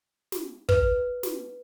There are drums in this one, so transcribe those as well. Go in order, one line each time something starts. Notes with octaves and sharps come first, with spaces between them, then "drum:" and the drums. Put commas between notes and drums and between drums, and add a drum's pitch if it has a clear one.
drum: snare
B4, drum: kick
drum: snare